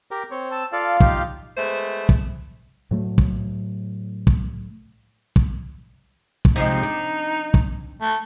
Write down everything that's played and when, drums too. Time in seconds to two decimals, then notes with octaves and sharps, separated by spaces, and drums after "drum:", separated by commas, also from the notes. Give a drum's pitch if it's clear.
0.11 G4 A#4
0.31 C4 C#5
0.51 A5 E6
0.73 F4 A4 D5 F5
1.00 D#4 G4, drum: kick
1.57 G#3 A3 B3 C5
2.09 drum: kick
2.91 A2 F#3 A3
3.18 drum: kick
4.27 drum: kick
5.36 drum: kick
6.45 drum: kick
6.56 C3 F3 G#3 D#4
6.83 D4
7.54 drum: kick
8.02 A3